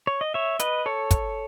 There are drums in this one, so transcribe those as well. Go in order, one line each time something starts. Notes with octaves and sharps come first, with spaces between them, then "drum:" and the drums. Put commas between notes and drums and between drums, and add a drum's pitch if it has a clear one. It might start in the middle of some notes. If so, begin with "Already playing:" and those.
C#5
D#5
C#5 E5
B4 D#5, drum: hi-hat
A4 C#5
drum: kick, hi-hat